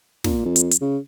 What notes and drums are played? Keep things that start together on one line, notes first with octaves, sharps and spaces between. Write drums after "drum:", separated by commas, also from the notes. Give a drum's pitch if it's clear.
A#2, drum: snare
F2
drum: hi-hat
drum: hi-hat
C#3